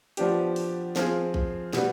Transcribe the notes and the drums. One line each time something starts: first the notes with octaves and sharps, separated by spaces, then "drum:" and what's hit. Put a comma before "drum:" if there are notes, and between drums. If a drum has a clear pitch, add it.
F3 B3 D4 G4, drum: hi-hat
drum: open hi-hat
F3 C4 F4 G#4, drum: snare
drum: kick A#1
B2 G3 B3, drum: snare